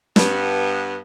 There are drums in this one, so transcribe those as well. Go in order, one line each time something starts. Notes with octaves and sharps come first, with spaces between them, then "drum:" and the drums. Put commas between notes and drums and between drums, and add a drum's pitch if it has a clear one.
G2 B3, drum: snare